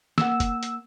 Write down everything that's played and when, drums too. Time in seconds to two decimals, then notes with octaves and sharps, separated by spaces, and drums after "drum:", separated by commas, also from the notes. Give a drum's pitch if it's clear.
0.18 A#3 F#5 E6, drum: snare
0.40 drum: kick, hi-hat
0.63 drum: hi-hat